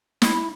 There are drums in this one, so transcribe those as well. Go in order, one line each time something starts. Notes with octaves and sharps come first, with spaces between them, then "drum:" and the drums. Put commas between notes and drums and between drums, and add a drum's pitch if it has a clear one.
E4, drum: snare